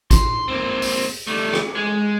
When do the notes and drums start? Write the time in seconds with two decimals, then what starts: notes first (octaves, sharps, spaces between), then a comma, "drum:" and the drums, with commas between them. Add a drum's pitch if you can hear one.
0.11 C6, drum: kick G#1, hi-hat
0.48 A#3 C4
0.82 drum: open hi-hat
1.27 G3 A3
1.53 drum: rim click
1.75 G#3